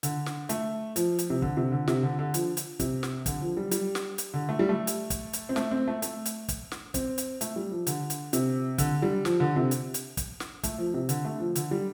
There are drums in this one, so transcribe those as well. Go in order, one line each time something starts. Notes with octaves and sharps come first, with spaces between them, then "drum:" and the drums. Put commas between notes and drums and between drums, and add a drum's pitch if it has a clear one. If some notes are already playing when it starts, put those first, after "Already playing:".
D3, drum: hi-hat
drum: snare
A3, drum: hi-hat
F3, drum: hi-hat
drum: hi-hat
C3
D3, drum: kick
C3
D3
C3, drum: snare
D3
D3
F3, drum: hi-hat
drum: hi-hat
C3, drum: kick, hi-hat
drum: snare
D3, drum: kick, hi-hat
F3
G3
G3, drum: hi-hat
drum: snare
drum: hi-hat
D3
A3
G3
A3
drum: hi-hat
drum: kick, hi-hat
drum: hi-hat
C4
A3, drum: snare
C4
A3
A3, drum: hi-hat
drum: hi-hat
drum: kick, hi-hat
drum: snare
C4, drum: kick, hi-hat
drum: hi-hat
A3, drum: hi-hat
G3
F3
D3, drum: hi-hat
drum: hi-hat
C3, drum: hi-hat
D3, drum: kick, hi-hat
G3
F3, drum: snare
D3
C3
drum: hi-hat
drum: hi-hat
drum: kick, hi-hat
drum: snare
A3, drum: kick, hi-hat
F3
C3
D3, drum: hi-hat
A3
F3
D3, drum: hi-hat
G3